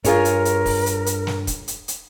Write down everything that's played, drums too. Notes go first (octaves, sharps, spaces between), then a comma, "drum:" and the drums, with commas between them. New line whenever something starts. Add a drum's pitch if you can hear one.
G2 F4 G#4 A#4 C#5, drum: hi-hat
drum: hi-hat
drum: hi-hat
drum: kick, open hi-hat
drum: hi-hat
drum: hi-hat
drum: snare
drum: kick, hi-hat
drum: hi-hat
drum: hi-hat